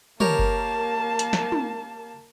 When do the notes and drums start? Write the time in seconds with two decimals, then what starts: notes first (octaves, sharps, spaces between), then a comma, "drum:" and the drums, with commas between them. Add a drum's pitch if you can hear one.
0.20 A#3 G4 A#4 C#5 A5, drum: tom
0.39 drum: kick F#1
1.19 drum: hi-hat
1.33 drum: snare
1.52 drum: tom